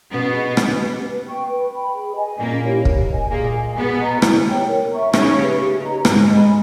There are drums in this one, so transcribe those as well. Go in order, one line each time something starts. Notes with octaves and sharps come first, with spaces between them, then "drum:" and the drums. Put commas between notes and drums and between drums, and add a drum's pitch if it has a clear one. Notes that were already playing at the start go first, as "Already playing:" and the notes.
B2 B3 C#4
G#4 B4 D#5
C#4, drum: rim click
G4 B4
B4
G5 C#6
B4
G5 B5
G#4
D#5 G#5
A#2 A#3 C#4
E4 G4 C#5
A#4, drum: kick
D#5 G#5
A#2 A#3 G#4
D#5 G#5
B2 B3 G#4
D#5 A#5
E4, drum: rim click
G4 C#5 G5
A#4
E5 A#5 C#6
C#3 C#4 D#4, drum: rim click
G4 B4
G4
B4 D#5 A#5
G#2 G#3 G#4, drum: rim click
D#5 G#5 B5